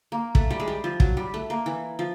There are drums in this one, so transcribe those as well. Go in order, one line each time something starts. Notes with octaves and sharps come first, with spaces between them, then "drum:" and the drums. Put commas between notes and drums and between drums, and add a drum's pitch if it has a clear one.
A#3
A3, drum: kick
G3
G#3
G3
F3
F#3, drum: kick
G3
A3
A#3
E3
F3